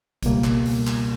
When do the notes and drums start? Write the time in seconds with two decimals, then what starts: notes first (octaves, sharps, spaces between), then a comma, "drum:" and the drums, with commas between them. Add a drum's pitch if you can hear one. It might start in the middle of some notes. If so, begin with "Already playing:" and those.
0.23 C#2 B2 G3 A#3, drum: kick, hi-hat
0.44 drum: clap
0.66 drum: open hi-hat
0.87 drum: clap